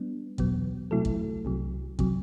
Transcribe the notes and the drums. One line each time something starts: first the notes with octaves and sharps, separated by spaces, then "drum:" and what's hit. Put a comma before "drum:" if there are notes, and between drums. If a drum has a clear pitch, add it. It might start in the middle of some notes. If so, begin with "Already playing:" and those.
Already playing: G3 B3 D4
E2 B2 F#3 B3, drum: kick
C3 F#3 A3 E4 A4
drum: kick
C2 C3 F#3
C3 F#3, drum: kick